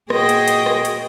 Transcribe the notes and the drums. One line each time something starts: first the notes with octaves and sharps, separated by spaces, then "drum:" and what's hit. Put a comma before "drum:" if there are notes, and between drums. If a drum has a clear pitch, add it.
A#2 F#4 G#4 D#5 G5 A#6, drum: rim click
drum: hi-hat
drum: hi-hat
drum: rim click
drum: hi-hat